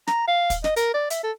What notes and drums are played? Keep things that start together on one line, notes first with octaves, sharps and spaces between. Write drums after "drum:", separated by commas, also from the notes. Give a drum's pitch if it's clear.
A#5, drum: snare
F5
drum: kick, hi-hat
D#5, drum: snare
A#4, drum: hi-hat
D5
E5, drum: hi-hat
A4